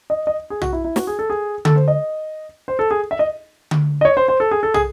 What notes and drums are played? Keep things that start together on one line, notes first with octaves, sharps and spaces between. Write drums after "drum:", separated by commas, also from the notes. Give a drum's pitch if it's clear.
D#5
D#5
G#4
F#4, drum: tom
E4
E4
F#4, drum: snare
G#4
A4
G#4
A4, drum: tom D3
C5
D#5
C5
A4
G#4
E5
D#5
drum: tom D3
D#5
C#5
C5
C5
A4
G#4
A4
G#4, drum: tom